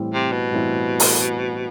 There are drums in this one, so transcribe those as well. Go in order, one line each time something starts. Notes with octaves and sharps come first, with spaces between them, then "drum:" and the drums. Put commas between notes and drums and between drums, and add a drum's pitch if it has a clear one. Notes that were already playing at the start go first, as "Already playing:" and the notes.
Already playing: A2 E3 G3 C4 E4
C3
B2
A2 E3 G3 C4 E4
drum: open hi-hat